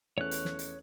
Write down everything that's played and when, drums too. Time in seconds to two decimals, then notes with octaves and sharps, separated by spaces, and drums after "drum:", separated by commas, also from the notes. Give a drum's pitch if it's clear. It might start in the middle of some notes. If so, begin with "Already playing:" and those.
0.18 E2 A3 C#4 C#5 F#6
0.31 drum: hi-hat
0.45 drum: snare
0.59 drum: hi-hat